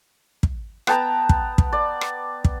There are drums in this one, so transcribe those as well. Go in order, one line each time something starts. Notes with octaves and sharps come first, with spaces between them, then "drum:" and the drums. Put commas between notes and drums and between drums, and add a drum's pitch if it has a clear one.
drum: kick
B3 G5 A5 A#5, drum: rim click
drum: kick
drum: kick
D5
drum: rim click
drum: kick